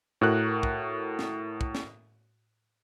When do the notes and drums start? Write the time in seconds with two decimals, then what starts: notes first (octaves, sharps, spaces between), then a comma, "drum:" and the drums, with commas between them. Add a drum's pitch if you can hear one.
0.21 A2 F#4 A#4 F#6
0.63 drum: kick
1.19 drum: snare
1.61 drum: kick
1.75 drum: snare